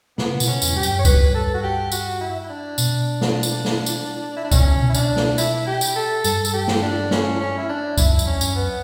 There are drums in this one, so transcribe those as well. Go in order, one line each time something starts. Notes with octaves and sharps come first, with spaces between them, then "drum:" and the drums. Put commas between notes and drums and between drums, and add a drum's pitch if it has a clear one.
C#3 B3, drum: snare
B2, drum: tambourine
C#4
E2, drum: tambourine
G2 G4
F#2, drum: tambourine
C#5
G2 B4, drum: kick C#2, tambourine
A4
F#4
G4
F#4, drum: tambourine
E4
D4
B2, drum: tambourine
drum: snare
drum: tambourine
drum: snare
drum: tambourine
E4
D4
B2 C#4, drum: kick C#2, tambourine
C#3
B2
E4
D4, drum: tambourine
drum: snare
E4, drum: tambourine
G4
drum: tambourine
A4
G2 A4, drum: tambourine
A4, drum: tambourine
G4
drum: snare
D4
C#4, drum: snare
C#4
E4
D4
F#2 E4, drum: kick C#2, tambourine
E2, drum: tambourine
C#4
F#2, drum: tambourine
B3